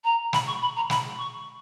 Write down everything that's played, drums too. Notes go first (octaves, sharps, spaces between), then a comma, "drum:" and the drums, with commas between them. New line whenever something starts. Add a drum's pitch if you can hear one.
A#5
B5, drum: snare
C#6
B5
A#5
B5, drum: snare
C#6